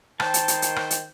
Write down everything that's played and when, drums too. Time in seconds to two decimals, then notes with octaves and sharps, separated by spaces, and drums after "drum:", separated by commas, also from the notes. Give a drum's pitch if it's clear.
0.20 D#3 C5 G5 A5, drum: rim click
0.34 drum: hi-hat
0.48 drum: hi-hat
0.62 drum: hi-hat
0.76 drum: rim click
0.91 drum: hi-hat